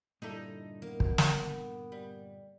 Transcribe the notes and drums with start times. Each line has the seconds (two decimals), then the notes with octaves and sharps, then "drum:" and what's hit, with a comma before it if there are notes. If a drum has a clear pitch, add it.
0.22 G2 A#2 D3 D#4 E4 A4
0.82 A#3 B3
1.00 drum: kick
1.18 drum: snare
1.92 G3